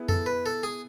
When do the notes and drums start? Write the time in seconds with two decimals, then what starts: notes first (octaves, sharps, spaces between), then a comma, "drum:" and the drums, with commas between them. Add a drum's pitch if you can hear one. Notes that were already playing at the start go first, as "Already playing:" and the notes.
Already playing: B3 E4 G#4
0.09 A4, drum: tom F2
0.26 B4
0.46 A4
0.63 G#4